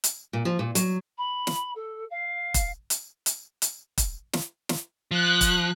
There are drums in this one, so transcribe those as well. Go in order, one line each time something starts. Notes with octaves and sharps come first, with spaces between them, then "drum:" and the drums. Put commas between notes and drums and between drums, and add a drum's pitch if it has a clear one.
drum: hi-hat
A#2
F3
A#2
F#3, drum: hi-hat
B5
drum: snare
A4
F5
drum: kick E1, hi-hat
drum: hi-hat
drum: hi-hat
drum: hi-hat
drum: kick E1, hi-hat
drum: snare
drum: snare
F3 F#6
drum: kick E1, hi-hat